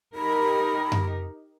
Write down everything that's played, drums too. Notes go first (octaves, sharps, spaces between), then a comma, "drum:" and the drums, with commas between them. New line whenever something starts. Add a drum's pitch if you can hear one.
D#4 G4 A#4 B5
drum: tom F#2